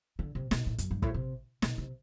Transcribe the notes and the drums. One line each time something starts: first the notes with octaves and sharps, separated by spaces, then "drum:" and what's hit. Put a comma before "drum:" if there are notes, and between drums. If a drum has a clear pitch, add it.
D3
C3
B2, drum: snare
A2
F#2, drum: hi-hat
G2
A2, drum: kick
C3
B2, drum: snare
C3